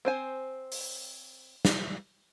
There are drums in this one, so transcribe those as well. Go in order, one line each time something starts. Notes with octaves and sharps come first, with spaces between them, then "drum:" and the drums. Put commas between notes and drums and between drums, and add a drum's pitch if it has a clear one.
C4 C5 G#5
drum: open hi-hat
drum: snare